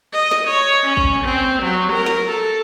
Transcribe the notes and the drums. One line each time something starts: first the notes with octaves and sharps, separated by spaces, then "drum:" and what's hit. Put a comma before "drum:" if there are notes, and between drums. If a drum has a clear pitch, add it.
D#5
drum: snare
C#5
C#4
drum: kick
C4
F#3
A#4
drum: snare
A4